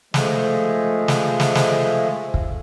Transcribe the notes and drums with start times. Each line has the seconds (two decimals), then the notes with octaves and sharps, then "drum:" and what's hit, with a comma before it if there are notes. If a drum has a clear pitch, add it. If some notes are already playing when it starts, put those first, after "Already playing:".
0.14 F3 G#3 A3, drum: snare
1.08 drum: snare
1.40 drum: snare
1.55 drum: snare
2.34 drum: kick